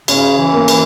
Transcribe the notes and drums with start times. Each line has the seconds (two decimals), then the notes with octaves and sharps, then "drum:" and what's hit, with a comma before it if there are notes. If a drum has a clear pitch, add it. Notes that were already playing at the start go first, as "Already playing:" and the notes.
0.08 C#3 C#4, drum: cymbal
0.37 E3
0.52 A#3
0.68 E3, drum: cymbal